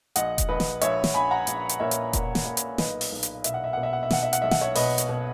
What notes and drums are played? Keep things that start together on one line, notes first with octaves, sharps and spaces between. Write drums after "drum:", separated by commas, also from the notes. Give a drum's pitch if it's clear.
A#1 D#5 F#5, drum: hi-hat
drum: kick E1, hi-hat
A#1 B4 D#5
drum: snare
A#1 C#5 E5, drum: hi-hat
drum: snare
A#1 G#5 B5
F#5 A#5
A#1, drum: hi-hat
drum: hi-hat
A#2 C#5 E5
drum: hi-hat
A#2, drum: kick E1, hi-hat
drum: snare
A#2
drum: hi-hat
B1 B4 D#5, drum: snare
drum: open hi-hat
B1
drum: hi-hat
B2 E5, drum: hi-hat
F#5
E5
B2 F#5
E5
F#5
E5
B2 F#5, drum: snare
E5
F#5, drum: hi-hat
B1 E5
F#5, drum: snare
C#5 E5
B2 B4 D#5, drum: open hi-hat
drum: hi-hat
B2